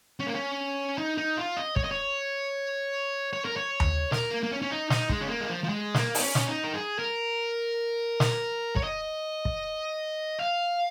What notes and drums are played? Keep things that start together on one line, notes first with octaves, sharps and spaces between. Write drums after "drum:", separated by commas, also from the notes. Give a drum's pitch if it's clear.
C#4
A#3
C#4
D#4
D#4
F4
D#5
C#5, drum: kick
D#5
C#5
C#5
A#4
C#5
drum: tom D#2
A#4, drum: snare
A#3
A#3
C#4
C#4
D#4
D#4, drum: snare
G#3, drum: kick
C#4
A#3
G#3
F3
F3
G#3
A#3, drum: snare
D#4, drum: open hi-hat
C#4
drum: snare
D#4
A#4
G#4
A#4
drum: snare
C#5, drum: kick
D#5
drum: kick
F5